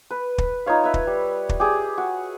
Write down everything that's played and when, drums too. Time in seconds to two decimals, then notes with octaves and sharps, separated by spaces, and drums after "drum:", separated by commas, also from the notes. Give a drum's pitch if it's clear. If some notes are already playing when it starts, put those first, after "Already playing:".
0.11 B4
0.38 drum: kick
0.66 D#4 F4 C#5 F5
0.84 B4 E5
0.94 drum: kick
1.07 G3
1.49 drum: kick
1.60 G4 G#4
1.98 F#4